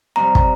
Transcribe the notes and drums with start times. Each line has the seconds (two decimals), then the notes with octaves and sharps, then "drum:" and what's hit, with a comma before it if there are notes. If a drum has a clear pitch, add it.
0.16 F2 C3 G3 A#5
0.35 drum: kick